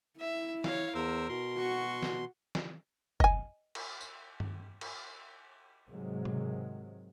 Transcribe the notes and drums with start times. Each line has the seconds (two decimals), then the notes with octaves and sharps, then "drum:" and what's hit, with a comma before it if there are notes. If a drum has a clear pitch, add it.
0.20 E4 E5
0.64 C#5 F5, drum: snare
0.95 E2 A#4 C5 E6
1.29 B2 C6
1.58 F#4 C#6
2.03 drum: snare
2.55 drum: snare
3.20 D#5 G#5, drum: kick F#1
3.75 drum: cymbal
4.01 drum: tambourine
4.40 drum: tom G2
4.81 drum: cymbal
5.88 G#2 C3 D#3 F#3 G#3
6.25 drum: tom